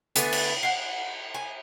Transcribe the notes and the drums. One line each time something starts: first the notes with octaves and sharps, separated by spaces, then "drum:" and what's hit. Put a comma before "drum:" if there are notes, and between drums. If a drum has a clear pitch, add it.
D3 A3 B3 G#5, drum: hi-hat
drum: cymbal
F5 F#5
G#5